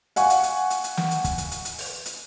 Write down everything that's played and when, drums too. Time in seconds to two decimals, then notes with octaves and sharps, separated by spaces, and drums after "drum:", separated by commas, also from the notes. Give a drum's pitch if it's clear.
0.16 F5 F#5 G#5 C#6, drum: hi-hat
0.30 drum: hi-hat
0.43 drum: hi-hat
0.70 drum: hi-hat
0.84 drum: hi-hat
0.97 drum: snare
1.11 drum: hi-hat
1.24 drum: kick, hi-hat
1.38 drum: hi-hat
1.51 drum: hi-hat
1.65 drum: hi-hat
1.78 drum: open hi-hat
2.06 drum: hi-hat